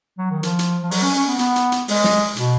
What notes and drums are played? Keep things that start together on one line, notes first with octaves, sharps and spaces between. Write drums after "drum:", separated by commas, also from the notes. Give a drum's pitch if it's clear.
F#3
D#3
F3, drum: hi-hat
drum: hi-hat
F3
F#3, drum: open hi-hat
C#4
C#4
B3
B3, drum: hi-hat
drum: hi-hat
drum: hi-hat
G#3, drum: open hi-hat
drum: snare
B2, drum: hi-hat